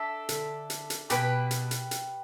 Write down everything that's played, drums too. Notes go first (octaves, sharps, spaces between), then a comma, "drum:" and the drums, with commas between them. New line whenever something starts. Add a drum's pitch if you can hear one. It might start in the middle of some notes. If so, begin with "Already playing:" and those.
Already playing: D4 A4 E5
D3, drum: hi-hat
drum: hi-hat
drum: hi-hat
B2 G4 B4 G5, drum: hi-hat
drum: hi-hat
drum: hi-hat
drum: hi-hat